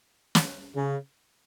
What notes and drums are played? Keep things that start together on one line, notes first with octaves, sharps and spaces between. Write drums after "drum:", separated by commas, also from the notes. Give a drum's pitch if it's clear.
drum: snare
C#3